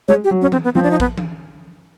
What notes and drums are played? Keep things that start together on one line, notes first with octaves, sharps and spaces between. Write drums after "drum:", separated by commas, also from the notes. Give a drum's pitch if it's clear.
G#3 C#5
G4
F#3
C#4
C4, drum: tom E3
B3
F3 C4
D4
D#4
B3, drum: kick A1
drum: tom E3